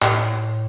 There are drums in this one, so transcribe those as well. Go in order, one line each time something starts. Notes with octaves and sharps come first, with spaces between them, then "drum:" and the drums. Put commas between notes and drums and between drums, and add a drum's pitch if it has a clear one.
A2, drum: clap